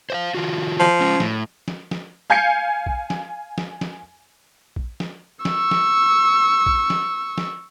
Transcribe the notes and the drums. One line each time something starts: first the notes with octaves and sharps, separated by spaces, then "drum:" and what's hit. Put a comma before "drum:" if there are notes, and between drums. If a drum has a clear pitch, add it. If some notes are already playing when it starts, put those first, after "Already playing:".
C5 E5 F5
D#3 F4 F#4
F3
G#3 C#4
A2, drum: snare
drum: snare
drum: snare
F5 G#5 G6 G#6 C7 C#7
drum: kick
drum: snare
drum: snare
drum: snare
drum: kick
drum: snare
C#6 E6, drum: snare
drum: snare
drum: kick
drum: snare
drum: snare